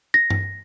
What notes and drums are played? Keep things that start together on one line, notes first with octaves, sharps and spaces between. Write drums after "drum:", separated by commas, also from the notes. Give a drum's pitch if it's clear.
A#6
drum: tom G2